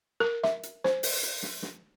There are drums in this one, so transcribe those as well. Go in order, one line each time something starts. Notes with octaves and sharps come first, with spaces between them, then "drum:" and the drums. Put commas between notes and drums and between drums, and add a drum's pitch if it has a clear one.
A#4
E5, drum: snare
drum: hi-hat
C5, drum: snare
drum: open hi-hat
drum: hi-hat
drum: snare
drum: snare